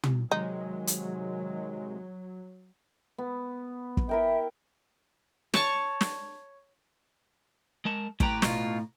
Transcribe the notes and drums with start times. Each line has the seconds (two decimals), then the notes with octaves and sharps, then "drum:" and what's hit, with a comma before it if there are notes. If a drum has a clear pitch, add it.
0.03 drum: tom
0.31 C3 D#3 F#3 G#3 D#4
0.87 drum: hi-hat
3.18 B3
3.97 drum: kick
4.09 E4 A#4 E5 G5
5.54 C#5 A5 C#6, drum: snare
6.01 drum: snare
7.85 G#3 A#4 A5
8.20 A2 G4 B4 A#5, drum: kick
8.42 B2 F4, drum: snare